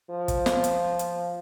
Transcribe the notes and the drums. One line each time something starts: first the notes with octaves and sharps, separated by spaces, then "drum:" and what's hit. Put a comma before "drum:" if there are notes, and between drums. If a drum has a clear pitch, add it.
F3
drum: kick, hi-hat
drum: snare
drum: hi-hat
drum: hi-hat